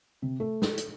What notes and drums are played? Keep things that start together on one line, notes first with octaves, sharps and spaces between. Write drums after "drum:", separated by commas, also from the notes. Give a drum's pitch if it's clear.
C3
A3
A4, drum: snare
drum: hi-hat